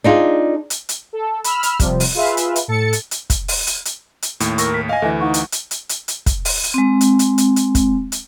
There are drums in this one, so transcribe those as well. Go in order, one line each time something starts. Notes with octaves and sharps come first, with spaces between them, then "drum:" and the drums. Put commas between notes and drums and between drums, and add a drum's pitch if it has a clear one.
D4 D#4 F4 G#4
drum: hi-hat
drum: hi-hat
A4
B5 E6 F6, drum: hi-hat
drum: hi-hat
C3 F3 G3, drum: kick, hi-hat
drum: open hi-hat
F4 G#4 B4 E5 F5
drum: hi-hat
drum: hi-hat
A2 A4 A6 C#7
drum: hi-hat
drum: hi-hat
drum: kick, hi-hat
drum: open hi-hat
drum: hi-hat
drum: hi-hat
drum: hi-hat
D#2 A2, drum: hi-hat
A#4 C#6 E6 A#6, drum: hi-hat
E4 B6
D#5 F5 G#5
D2 E3 A4 E5 G#5
D#4 F5 F#5 C#6
drum: hi-hat
drum: hi-hat
drum: hi-hat
drum: hi-hat
drum: hi-hat
drum: kick, hi-hat
drum: open hi-hat
drum: hi-hat
G#3 C4
drum: hi-hat
drum: hi-hat
drum: hi-hat
drum: hi-hat
drum: kick, hi-hat
drum: hi-hat